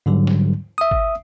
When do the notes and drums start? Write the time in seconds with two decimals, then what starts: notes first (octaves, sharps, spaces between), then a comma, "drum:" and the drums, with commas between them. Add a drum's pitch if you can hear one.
0.06 G#2 D3 F#3 G3
0.27 drum: snare
0.78 E5 D#6
0.91 drum: kick G#1